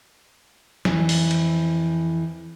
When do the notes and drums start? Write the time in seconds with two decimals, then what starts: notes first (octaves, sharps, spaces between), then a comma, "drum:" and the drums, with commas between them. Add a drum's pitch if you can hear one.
0.85 F2 E3, drum: snare
1.09 drum: open hi-hat
1.31 drum: cymbal